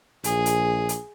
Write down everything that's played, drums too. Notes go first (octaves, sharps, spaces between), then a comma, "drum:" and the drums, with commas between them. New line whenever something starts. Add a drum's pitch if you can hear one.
A#1 G#4, drum: hi-hat
drum: hi-hat
drum: hi-hat